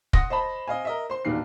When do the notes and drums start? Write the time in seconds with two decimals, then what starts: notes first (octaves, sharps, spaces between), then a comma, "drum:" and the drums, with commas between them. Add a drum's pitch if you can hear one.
0.13 F#5 C6 D#6 A#6, drum: kick
0.30 C5 D#5 A5 B5
0.68 C4 D#5 F5 G#5
0.85 A#4 D#5 E5
1.10 C5 C6
1.25 E1 G2 A#2 D#3 C7